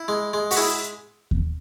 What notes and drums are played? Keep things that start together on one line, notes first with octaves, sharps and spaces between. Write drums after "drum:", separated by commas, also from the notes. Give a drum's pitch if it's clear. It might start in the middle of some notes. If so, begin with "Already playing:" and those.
Already playing: E4
G#3
G#3
F#4, drum: open hi-hat
E4 G#4
drum: kick D#2